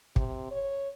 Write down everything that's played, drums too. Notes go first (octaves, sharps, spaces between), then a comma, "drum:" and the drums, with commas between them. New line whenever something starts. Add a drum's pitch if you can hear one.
C3, drum: kick
C#5